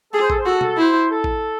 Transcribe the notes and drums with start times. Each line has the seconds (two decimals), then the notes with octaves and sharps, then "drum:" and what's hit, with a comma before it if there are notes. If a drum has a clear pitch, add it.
0.13 G#4 A4
0.21 C5
0.30 A4, drum: kick
0.37 C5
0.45 F#4 A4
0.61 A4, drum: tom B2
0.77 E4 C5
1.10 A4
1.24 drum: kick